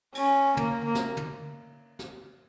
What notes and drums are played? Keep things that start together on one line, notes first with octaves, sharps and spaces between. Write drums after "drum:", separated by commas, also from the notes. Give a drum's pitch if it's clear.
C#4, drum: cymbal
A#3, drum: tom
A#3
drum: snare
drum: tom
drum: snare